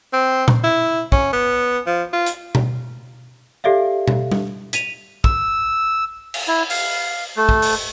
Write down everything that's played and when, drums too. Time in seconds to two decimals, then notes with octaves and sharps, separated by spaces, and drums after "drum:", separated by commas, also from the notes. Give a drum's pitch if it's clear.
0.13 C4
0.48 drum: tom A#2
0.64 E4
1.12 C#4, drum: kick
1.33 B3
1.86 F3
2.13 F4
2.26 drum: hi-hat
2.55 drum: tom B2
3.64 G4 A4 D5 E5 F5
4.08 drum: tom B2
4.32 drum: tom G3
4.73 B6 D#7 F7, drum: hi-hat
5.24 E6, drum: kick
6.34 drum: cymbal
6.48 E4
6.70 F5, drum: open hi-hat
7.37 A3
7.49 drum: kick
7.62 drum: open hi-hat